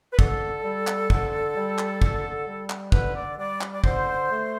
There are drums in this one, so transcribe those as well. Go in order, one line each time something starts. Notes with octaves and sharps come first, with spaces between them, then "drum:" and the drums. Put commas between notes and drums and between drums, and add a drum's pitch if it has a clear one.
B4
D3 A4, drum: kick
G3
drum: clap
D3, drum: kick
G3
drum: clap
D3, drum: kick
G3
drum: clap
D3 B4, drum: kick
D5
G3 D5
drum: clap
D5
D3 C5, drum: kick
A3